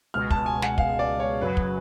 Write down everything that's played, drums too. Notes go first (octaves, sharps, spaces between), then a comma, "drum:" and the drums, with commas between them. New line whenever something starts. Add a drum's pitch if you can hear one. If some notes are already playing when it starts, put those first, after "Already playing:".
C#2 B2 G#3 F6
A5, drum: kick
G#5
F#5, drum: snare
F5, drum: kick
D5
C#5
F#2 C#3 F#3 B4
drum: kick